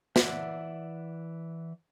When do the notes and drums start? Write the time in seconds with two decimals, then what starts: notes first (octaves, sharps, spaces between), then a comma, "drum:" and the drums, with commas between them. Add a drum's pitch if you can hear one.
0.16 E3 D5 E5 F#5, drum: snare